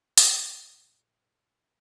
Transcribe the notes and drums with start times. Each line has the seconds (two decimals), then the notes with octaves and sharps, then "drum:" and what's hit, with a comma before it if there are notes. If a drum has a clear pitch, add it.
0.18 D#1 A#1 G2 A#2, drum: hi-hat